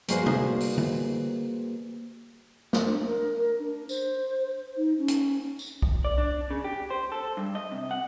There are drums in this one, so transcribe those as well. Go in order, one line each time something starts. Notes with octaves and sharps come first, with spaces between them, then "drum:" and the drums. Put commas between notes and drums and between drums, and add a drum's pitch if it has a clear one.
G3 A#3 F#4 G#4 B4 C5, drum: hi-hat
drum: tom C3
drum: open hi-hat
drum: tom D3
drum: snare
D4
A#4
A#4
D4
C5, drum: tambourine
D#4
C#4
drum: hi-hat
drum: tambourine
drum: kick B1
D5
D4
C#3
G4
C5
A4
G2
D#5
C3
F#5